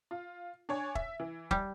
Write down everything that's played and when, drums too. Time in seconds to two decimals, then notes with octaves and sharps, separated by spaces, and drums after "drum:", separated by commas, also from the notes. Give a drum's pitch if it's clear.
0.11 F4
0.69 D4 C#5 G#5
0.95 E5, drum: kick
1.20 E3
1.51 G3, drum: kick